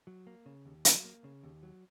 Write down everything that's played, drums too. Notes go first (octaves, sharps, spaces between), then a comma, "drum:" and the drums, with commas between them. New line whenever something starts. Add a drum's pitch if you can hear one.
F#3
A#3
C#3
D#2
F#3, drum: hi-hat
A#3
C#3
D#2
F#3